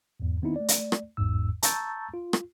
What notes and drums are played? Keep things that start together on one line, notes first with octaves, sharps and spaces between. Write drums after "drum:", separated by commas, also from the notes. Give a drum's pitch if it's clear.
E2 G#2
D#3 B3 C4 D#4 E4
A3 D5
drum: hi-hat
drum: rim click
G#1 E2 G#2 E6
A5 A#5 C#6 E6 G6 A6, drum: hi-hat
F4
drum: rim click